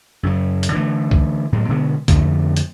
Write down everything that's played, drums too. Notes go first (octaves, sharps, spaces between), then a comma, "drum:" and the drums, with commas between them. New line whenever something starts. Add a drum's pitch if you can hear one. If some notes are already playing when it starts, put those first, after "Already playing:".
F#2 C#3 F#3
drum: hi-hat
D3 E3 A3
drum: kick C2
A2 F#3 G#3
B2 D3 G#3 B3
F2 D3 F3 A3, drum: kick C2, hi-hat
drum: hi-hat